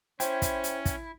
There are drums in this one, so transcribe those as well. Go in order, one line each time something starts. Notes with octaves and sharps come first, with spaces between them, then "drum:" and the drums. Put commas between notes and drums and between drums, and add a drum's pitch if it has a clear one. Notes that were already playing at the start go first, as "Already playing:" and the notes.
C#4 E4 C5 G5, drum: hi-hat
drum: kick, hi-hat
drum: hi-hat
drum: kick, hi-hat